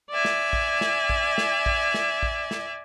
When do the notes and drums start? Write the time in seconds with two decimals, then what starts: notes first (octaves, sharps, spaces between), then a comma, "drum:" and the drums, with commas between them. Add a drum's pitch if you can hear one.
0.11 D5 E5 G#5
0.25 drum: snare
0.53 drum: kick A#1
0.81 drum: snare
1.10 drum: kick A#1
1.38 drum: snare
1.66 drum: kick A#1
1.94 drum: snare
2.23 drum: kick A#1
2.51 drum: snare